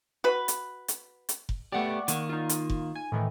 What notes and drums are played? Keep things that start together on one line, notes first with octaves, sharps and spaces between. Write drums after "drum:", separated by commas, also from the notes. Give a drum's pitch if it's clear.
F#4 B4
drum: hi-hat
drum: hi-hat
drum: hi-hat
drum: kick F1
A3 B3 G4 D5 F#5 C#6
D#3 A#3, drum: hi-hat
D#4 F4
drum: hi-hat
drum: kick F1
G#5
A2 D#3 E3